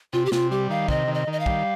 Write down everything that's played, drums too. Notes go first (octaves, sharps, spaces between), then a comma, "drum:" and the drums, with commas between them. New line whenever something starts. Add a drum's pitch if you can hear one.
C3 F4
G4
C3 F4, drum: snare
G3 G4
D#3 F5
C3 D#5, drum: kick
D#3
D#5
D#3
D#5
F5
G3, drum: kick